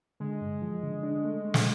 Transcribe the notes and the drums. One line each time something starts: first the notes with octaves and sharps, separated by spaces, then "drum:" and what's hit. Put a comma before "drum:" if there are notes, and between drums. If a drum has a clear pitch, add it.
D3 G#3
G2
F3
D3
D4
A3
A3
drum: snare